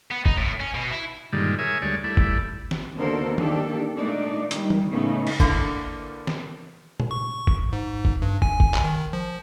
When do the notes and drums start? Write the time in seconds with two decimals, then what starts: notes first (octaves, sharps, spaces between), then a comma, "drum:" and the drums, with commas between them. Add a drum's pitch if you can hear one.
0.11 B3
0.26 D#4, drum: kick
0.37 A2
0.60 C#4
0.75 B2
0.91 E4
1.33 G2 A#2 D3 D#3 G3 G#3
1.59 G#4 A#4 C#5 E5 G#5
1.82 D2 G3 G#3 C#5 D5
2.04 G3 A3 E4 D5
2.17 drum: kick
2.71 drum: snare
2.95 D#2 B2 D3 A4 A#4 C5
3.38 D#3 A#3 D4 G4 A4, drum: tom E3
3.97 A#2 G#3 A3 D4 D#4 D5
4.51 D#3 G3, drum: hi-hat
4.70 drum: tom E3
4.92 A2 C#3 A3 B3 C#4 D#4
5.27 drum: cymbal
5.40 D3 A#3 E4, drum: kick
6.27 drum: snare
7.00 drum: tom A#2
7.11 C#6
7.47 drum: kick
7.73 G#2
8.05 drum: kick
8.22 G2
8.42 G#5, drum: kick
8.60 drum: kick
8.74 drum: clap
8.84 D#3
9.13 F3